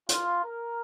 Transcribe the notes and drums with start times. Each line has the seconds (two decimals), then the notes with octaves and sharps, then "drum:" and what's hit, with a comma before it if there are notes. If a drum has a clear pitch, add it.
0.09 F4, drum: hi-hat
0.45 A#4